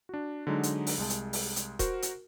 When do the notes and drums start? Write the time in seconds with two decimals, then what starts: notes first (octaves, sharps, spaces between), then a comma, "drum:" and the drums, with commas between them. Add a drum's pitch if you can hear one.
0.09 D4 F#4
0.47 D3 F#3 G#3 D#4
0.63 drum: hi-hat
0.87 drum: open hi-hat
0.98 C2 G#3 A5
1.10 drum: hi-hat
1.33 drum: open hi-hat
1.56 drum: hi-hat
1.79 F#4 A#4 C5 F#5, drum: kick D#1, hi-hat
2.02 drum: hi-hat